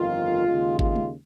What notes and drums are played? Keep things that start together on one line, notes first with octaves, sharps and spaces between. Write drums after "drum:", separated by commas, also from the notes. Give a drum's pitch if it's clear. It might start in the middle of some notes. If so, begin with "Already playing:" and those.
Already playing: G1 F2 D#3 F4
D#2 C#3 G#3
F4, drum: kick G#1
drum: tom G#3